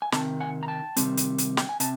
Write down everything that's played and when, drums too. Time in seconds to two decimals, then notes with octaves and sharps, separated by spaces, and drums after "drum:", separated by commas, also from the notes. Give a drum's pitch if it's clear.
0.02 G#5
0.12 C3 D#3 C4 A5, drum: snare
0.40 F#5 G#5
0.63 A#5
0.68 G5 A5
0.96 C3 D#3 G3 C4, drum: hi-hat
1.17 drum: hi-hat
1.38 drum: hi-hat
1.57 G5, drum: snare
1.69 G#5
1.80 C3 A5, drum: hi-hat